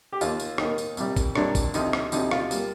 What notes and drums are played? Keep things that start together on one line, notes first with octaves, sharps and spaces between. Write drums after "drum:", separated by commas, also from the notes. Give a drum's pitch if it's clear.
G4
D#2 D#3 A#3 F4, drum: tambourine
drum: tambourine
D#2 D#3 A#3 D#4, drum: rim click
drum: tambourine
C2 A#2 G3, drum: tambourine
drum: kick, tambourine
C2 A#2 G3 D4, drum: rim click
drum: kick, tambourine
D2 C3 F3 D#4, drum: tambourine
drum: rim click
D2 C3 F3 D#4, drum: tambourine
F4, drum: rim click
G3 A#3, drum: tambourine